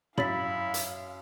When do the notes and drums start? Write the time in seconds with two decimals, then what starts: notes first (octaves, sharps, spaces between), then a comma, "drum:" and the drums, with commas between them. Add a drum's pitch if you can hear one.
0.18 F#2 E4 F5 B5 A6 B6, drum: tom
0.74 drum: hi-hat